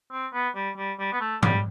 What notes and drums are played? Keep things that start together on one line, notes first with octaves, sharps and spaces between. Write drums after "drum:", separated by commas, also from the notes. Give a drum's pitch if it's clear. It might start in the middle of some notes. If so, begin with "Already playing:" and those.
C4
B3
G3
G3
G3
B3
A3
G3, drum: tom